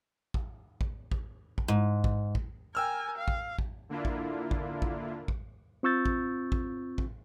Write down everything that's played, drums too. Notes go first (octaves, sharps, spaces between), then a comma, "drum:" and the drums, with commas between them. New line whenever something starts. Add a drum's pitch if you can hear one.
drum: kick A1
drum: kick A1
drum: kick A1
drum: kick A1
G#2
drum: kick A1
drum: kick A1
A#4 G5 G#5 E6 F6
F5
drum: kick A1
drum: kick A1
D3 A#3 D4 E4 F4
drum: kick A1
drum: kick A1
drum: kick A1
drum: kick A1
C4 F4 C#6 E6 G6 A6
drum: kick A1
drum: kick A1
drum: kick A1